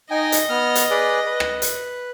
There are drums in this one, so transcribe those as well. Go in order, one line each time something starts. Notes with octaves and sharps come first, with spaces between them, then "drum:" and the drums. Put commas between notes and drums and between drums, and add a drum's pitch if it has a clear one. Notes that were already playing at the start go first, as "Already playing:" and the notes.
D#4 D#5 G5 G#5
drum: hi-hat
B3 F6
drum: hi-hat
G#4 B4 D5
B4
drum: rim click
drum: hi-hat